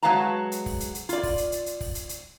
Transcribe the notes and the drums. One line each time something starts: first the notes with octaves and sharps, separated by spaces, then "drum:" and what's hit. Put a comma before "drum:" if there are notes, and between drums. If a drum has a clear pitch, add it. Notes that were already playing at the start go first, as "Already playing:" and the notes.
F#3 G#3 B4 F5 A5 A#5
drum: hi-hat
drum: kick, open hi-hat
drum: hi-hat
drum: hi-hat
F4 D5, drum: hi-hat
drum: kick, open hi-hat
drum: hi-hat
drum: hi-hat
drum: hi-hat
drum: kick, open hi-hat
drum: hi-hat
drum: hi-hat